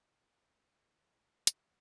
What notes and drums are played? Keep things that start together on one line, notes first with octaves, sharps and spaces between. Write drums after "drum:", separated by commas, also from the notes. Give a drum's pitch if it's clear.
D3 G3 A#3 B3 E4
G#3 E4
D#3 C4 A#5, drum: hi-hat